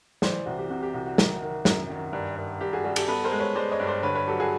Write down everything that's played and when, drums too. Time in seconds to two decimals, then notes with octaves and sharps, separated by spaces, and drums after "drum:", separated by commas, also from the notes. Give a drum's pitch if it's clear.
0.22 E3 C5 D5, drum: snare
0.46 C2 F#4
0.58 G4
0.70 C3 F#4
0.83 G4
0.94 C2 F#4
1.06 F#4
1.18 D#3, drum: snare
1.42 D#3
1.65 F#2 F#4, drum: snare
1.90 D#3
2.13 G2
2.36 G2
2.60 G2 G4
2.73 F#4 G#4
2.84 G3 F#4 G#4
2.96 G4 A4, drum: cymbal
3.08 B3 A4 B4
3.25 A#4 C5
3.32 G#3
3.39 B4 C#5
3.55 G#3 C5 D5
3.71 C#5 D#5
3.80 G2
3.87 C5 D5
4.03 D3 B4 C#5
4.15 B4 C#5
4.27 F#3 G4 A4
4.40 F#4 G#4